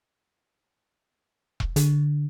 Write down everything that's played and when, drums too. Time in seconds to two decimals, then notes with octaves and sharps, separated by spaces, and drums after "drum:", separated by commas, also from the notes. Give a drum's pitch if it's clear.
1.60 drum: kick E1
1.76 D3, drum: hi-hat